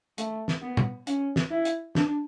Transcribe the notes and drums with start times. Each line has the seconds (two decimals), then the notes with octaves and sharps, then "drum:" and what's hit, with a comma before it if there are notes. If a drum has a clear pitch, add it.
0.18 A3, drum: hi-hat
0.48 drum: snare
0.62 B3
0.77 drum: tom
1.07 C#4, drum: hi-hat
1.36 drum: snare
1.51 E4
1.65 drum: hi-hat
1.95 D4, drum: snare